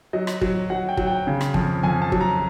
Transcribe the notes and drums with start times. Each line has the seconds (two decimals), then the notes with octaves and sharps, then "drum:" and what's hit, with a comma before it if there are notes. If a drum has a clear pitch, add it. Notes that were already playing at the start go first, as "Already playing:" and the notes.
0.13 F#3 D#5
0.27 drum: rim click
0.41 F#3, drum: kick
0.70 F#3 F#5
0.89 G5
0.97 F#3, drum: kick
1.07 G5
1.27 C#3
1.41 drum: rim click
1.54 F2, drum: kick
1.83 F2 G#5
2.02 A5
2.12 F#3, drum: kick
2.21 A#5